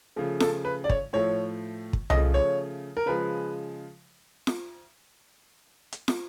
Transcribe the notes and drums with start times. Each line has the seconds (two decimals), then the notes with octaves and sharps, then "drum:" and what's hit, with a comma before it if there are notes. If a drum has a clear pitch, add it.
0.16 C#3 F3 A3
0.40 A4, drum: snare
0.65 B4
0.84 D5
0.90 C#5, drum: kick
1.13 A2 F3 A3 C#5
1.93 drum: kick
2.10 C#3 F3 A3 D#5, drum: tom C2
2.34 C#5
2.97 A#4
3.06 C#3 F3 G#3 B4
4.47 drum: snare
5.92 drum: hi-hat
6.08 drum: snare